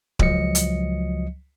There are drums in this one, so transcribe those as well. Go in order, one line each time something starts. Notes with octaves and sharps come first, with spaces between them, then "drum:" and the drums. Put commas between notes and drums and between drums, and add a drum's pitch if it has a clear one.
C#2 F3 F#3 D#5 C#7, drum: kick D1
drum: hi-hat